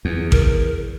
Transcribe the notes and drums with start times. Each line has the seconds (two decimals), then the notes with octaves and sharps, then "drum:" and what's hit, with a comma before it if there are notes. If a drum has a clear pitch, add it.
0.05 E2
0.32 A#4, drum: kick A1